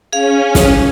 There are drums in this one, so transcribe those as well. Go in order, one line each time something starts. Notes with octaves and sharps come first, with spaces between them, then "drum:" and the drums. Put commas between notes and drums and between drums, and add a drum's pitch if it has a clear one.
C#4 G#4 F5
drum: snare